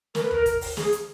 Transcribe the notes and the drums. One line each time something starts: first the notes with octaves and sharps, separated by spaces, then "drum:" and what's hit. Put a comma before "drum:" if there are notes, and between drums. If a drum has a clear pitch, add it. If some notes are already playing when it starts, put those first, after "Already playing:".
A#4, drum: snare
B4
A#4, drum: tom D#2
drum: kick, hi-hat
drum: open hi-hat
G#4, drum: snare
drum: hi-hat